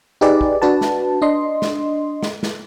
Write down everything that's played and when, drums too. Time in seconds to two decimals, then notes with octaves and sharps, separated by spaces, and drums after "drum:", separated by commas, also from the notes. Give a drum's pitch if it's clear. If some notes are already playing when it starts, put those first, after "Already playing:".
0.21 D#4 G4 G#4 B4 D5
0.41 drum: kick
0.62 D4 F#4 B4 A5
0.81 drum: snare
1.22 D4 D#5 C6
1.62 drum: snare
2.23 drum: snare
2.43 drum: snare